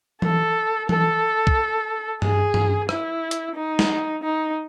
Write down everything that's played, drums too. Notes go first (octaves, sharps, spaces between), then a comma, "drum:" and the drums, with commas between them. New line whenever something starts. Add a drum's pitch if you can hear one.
A4, drum: tom E3
A4, drum: tom E3
drum: kick
G#4, drum: tom G2
drum: tom G2
E4, drum: rim click
drum: hi-hat
D#4
drum: snare
D#4